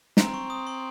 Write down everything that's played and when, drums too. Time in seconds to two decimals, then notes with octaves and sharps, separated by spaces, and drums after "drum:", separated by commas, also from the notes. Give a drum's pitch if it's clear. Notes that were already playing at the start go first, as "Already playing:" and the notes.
0.17 C4 A#5, drum: snare
0.34 C#6
0.50 D#6
0.67 C6